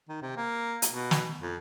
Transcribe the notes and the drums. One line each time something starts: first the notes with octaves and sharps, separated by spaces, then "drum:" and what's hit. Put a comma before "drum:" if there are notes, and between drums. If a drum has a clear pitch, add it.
D#3
C3
A#3
drum: hi-hat
B2
drum: snare
F2